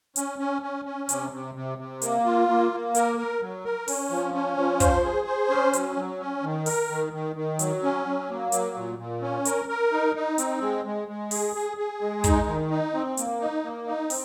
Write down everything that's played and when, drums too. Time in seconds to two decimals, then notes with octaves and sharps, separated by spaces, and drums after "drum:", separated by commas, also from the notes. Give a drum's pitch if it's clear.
0.16 C#4, drum: hi-hat
0.39 C#4
0.62 C#4
0.85 C#4
1.09 C3, drum: hi-hat
1.32 C3
1.55 C3
1.78 C3
2.02 A#3, drum: hi-hat
2.25 F4
2.48 A#3
2.72 A#3
2.95 A#4, drum: hi-hat
3.18 A#4
3.41 F#3
3.65 A#4
3.88 C#4, drum: open hi-hat
4.11 F3
4.34 C#4
4.57 F3
4.80 C5, drum: kick, hi-hat
5.04 G#4
5.27 C5
5.50 C#4
5.74 F#3, drum: hi-hat
5.97 F#3
6.20 C#4
6.43 D#3
6.66 A#4, drum: open hi-hat
6.90 D#3
7.13 D#3
7.36 D#3
7.59 F#3, drum: hi-hat
7.83 C#4
8.05 F#3
8.29 A#3
8.52 F#3, drum: hi-hat
8.76 A#2
8.98 A#2
9.22 C#4
9.46 A#4, drum: hi-hat
9.69 A#4
9.92 D#4
10.15 D#4
10.38 C4, drum: hi-hat
10.62 G#3
10.85 G#3
11.08 G#3
11.31 G#4, drum: open hi-hat
11.55 G#4
11.77 G#4
12.01 G#3
12.24 D#4, drum: kick, hi-hat
12.48 D#3
12.70 D#4
12.94 C4
13.17 A#3, drum: hi-hat
13.40 D#4
13.64 A#3
13.87 D#4
14.10 C4, drum: open hi-hat